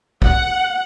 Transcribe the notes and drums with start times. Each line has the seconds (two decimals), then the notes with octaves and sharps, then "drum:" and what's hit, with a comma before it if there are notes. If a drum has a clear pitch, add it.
0.22 F#5, drum: kick